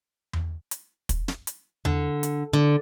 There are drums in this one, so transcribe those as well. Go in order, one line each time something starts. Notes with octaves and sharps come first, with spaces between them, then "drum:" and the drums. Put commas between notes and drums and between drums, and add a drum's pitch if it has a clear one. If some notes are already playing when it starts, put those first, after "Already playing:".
drum: tom E2
drum: hi-hat
drum: kick, hi-hat
drum: snare
drum: hi-hat
D3, drum: tom E2
drum: hi-hat
D3